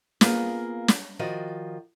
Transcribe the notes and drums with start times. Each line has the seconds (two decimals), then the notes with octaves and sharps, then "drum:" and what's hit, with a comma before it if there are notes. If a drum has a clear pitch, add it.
0.21 A#3 B3 F4 G#4, drum: snare
0.88 drum: snare
1.19 D#3 F3 F#4 D5 D#5